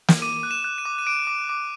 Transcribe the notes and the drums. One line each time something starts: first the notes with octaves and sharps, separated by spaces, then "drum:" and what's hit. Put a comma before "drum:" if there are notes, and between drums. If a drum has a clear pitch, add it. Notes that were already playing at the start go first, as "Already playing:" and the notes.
drum: snare
D6 D#7
F#6
E7
F#6
D#7
D6
D#7
D6 D7
D6
D6